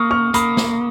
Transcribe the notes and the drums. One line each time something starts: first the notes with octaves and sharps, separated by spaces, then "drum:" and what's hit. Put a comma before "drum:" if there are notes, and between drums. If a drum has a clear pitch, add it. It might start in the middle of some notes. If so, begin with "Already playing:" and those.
Already playing: A#3 C#6 D#6 F6
C#6 F6
A#3 B5 D#6, drum: hi-hat
drum: snare